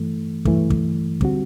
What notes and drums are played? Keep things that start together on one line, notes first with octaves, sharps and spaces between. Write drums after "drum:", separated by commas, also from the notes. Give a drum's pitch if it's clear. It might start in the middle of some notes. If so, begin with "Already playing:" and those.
Already playing: G2 E3 A3
G2 E3 A3, drum: kick
drum: kick
D3 G3 C4 F#4, drum: kick